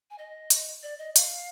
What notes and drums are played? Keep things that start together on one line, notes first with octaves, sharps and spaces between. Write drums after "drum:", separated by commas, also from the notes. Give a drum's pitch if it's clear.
G#5
D#5
drum: hi-hat
D5
D#5
F5, drum: hi-hat